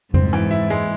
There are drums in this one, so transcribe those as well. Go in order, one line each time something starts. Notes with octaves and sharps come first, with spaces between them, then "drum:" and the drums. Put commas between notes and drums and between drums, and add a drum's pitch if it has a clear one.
G#2 C4, drum: tom F2
E3
E4
G#3